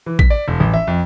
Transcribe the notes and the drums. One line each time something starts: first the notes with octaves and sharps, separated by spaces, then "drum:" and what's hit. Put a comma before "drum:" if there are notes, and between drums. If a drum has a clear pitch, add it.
E3
B6, drum: kick
D5
E1
A1
E5
F2